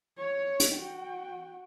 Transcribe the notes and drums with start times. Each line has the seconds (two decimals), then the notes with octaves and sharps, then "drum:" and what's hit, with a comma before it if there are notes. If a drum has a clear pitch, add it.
0.17 C#5
0.60 drum: hi-hat
0.74 F#4 G5